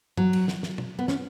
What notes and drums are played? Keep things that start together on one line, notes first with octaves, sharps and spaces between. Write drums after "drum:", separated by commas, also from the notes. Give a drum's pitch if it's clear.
F#3, drum: tom G2
drum: cymbal
drum: snare
drum: snare
drum: tom
B3
C#4, drum: snare